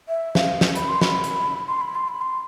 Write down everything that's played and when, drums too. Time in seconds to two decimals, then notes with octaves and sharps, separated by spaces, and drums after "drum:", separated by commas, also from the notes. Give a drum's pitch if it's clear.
0.08 E5
0.35 F5, drum: snare
0.61 drum: snare
0.75 B5, drum: hi-hat
0.88 C6
1.01 B5, drum: snare
1.24 drum: hi-hat
1.68 C6
1.81 B5
1.95 C6
2.08 B5
2.21 C6